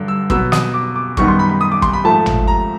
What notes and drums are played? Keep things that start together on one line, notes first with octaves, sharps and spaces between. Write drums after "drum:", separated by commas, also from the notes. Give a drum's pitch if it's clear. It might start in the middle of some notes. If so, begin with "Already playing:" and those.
Already playing: G2 D3 F#3
E6
B2 F#3 B3 E6, drum: kick
D#6, drum: snare
D6
D6
F#2 D#3 G3 B3 D#4 C#6, drum: kick
C6
B5
B5
D#6
D6
C6, drum: kick
B5
G#2 F3 A3 A5
drum: tom
A#5